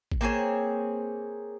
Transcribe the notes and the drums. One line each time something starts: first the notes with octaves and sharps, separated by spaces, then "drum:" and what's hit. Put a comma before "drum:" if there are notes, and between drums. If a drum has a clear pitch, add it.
drum: kick A1
A#3 C4 G#4 C#5